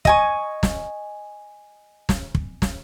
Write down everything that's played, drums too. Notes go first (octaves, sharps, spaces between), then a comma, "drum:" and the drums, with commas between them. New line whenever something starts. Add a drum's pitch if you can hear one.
D#5 G#5 C#6, drum: kick
drum: snare
drum: snare
drum: kick
drum: snare